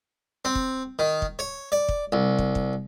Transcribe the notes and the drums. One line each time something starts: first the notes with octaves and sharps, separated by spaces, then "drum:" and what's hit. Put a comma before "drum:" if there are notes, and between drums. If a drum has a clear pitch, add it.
C4
drum: kick
D#3
drum: kick
C#5
D5
drum: kick
C2
drum: kick
drum: kick